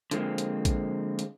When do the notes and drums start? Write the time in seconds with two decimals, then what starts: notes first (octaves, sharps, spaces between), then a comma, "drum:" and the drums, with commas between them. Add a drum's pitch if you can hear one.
0.11 D3 F3 G#3 A#3 C4, drum: hi-hat
0.38 drum: hi-hat
0.65 drum: kick A1, hi-hat
1.19 drum: hi-hat